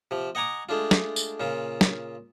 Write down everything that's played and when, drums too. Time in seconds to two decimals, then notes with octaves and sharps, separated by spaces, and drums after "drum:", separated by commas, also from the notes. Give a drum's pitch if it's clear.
0.11 C3 F3
0.35 D#5 F#5 G#5 A#5 D6 D#6
0.69 G#3 A3 D4 F4
0.91 drum: snare
1.16 drum: tambourine
1.40 A#2 C#3 F4
1.81 drum: snare